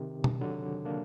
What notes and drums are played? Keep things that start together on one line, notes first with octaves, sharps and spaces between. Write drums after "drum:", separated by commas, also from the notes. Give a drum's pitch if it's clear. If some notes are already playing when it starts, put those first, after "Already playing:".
Already playing: C3 D#3
drum: tom B2
D3 F#3
A#3 D4